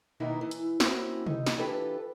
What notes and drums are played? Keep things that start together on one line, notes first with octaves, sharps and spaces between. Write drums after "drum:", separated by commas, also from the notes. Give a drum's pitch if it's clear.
B2 D#3 A#3 B3 D#4 E4
E3
drum: hi-hat
A#3 C4 C#4 E4 F#4, drum: snare
D#4, drum: tom C3
drum: snare
E3 D4 F4 G4 A4 B4